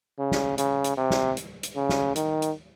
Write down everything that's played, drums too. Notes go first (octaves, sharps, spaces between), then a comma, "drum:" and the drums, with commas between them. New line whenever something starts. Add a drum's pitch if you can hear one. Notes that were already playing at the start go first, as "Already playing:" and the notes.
C#3
drum: snare
C#3, drum: hi-hat
drum: hi-hat
C3
drum: snare
drum: hi-hat
drum: hi-hat
C#3
drum: snare
D#3, drum: hi-hat
drum: hi-hat